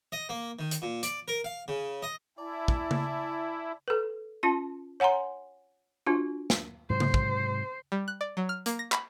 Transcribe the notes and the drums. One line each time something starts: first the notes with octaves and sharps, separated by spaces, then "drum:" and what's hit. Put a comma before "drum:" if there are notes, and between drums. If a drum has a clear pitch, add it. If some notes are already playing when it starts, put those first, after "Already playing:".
D#5
A#3
D#3
drum: hi-hat
A#2
D5, drum: hi-hat
A#4
F5
C#3
D#5
E4 D5 G#5 A5
drum: kick
drum: tom C#3
A4 B4
C#4 F4 A5
C#5 F#5 G#5 A#5 C6
D4 F4 F#4
drum: snare
G#2 C3 F#3 C5
drum: tom C#3
drum: kick
G3
F#6
D5
F#3
F6
A#3, drum: hi-hat
A#6
B5, drum: clap